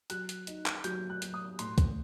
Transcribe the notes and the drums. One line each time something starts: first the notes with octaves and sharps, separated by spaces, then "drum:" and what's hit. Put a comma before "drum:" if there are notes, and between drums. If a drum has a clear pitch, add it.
F#3 F#6, drum: hi-hat
drum: hi-hat
D#4, drum: hi-hat
drum: clap
F#3 G6, drum: hi-hat
F#6
F#3, drum: hi-hat
D#6
A2 C6, drum: hi-hat
drum: kick C2, hi-hat